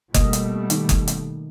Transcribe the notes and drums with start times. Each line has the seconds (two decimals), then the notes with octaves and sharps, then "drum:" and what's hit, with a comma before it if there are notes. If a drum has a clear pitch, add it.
0.14 B2 G3 A3 A#3 D#5, drum: kick F#1, hi-hat
0.33 drum: hi-hat
0.70 D#3 D#4, drum: hi-hat
0.89 drum: kick F#1, hi-hat
1.08 drum: hi-hat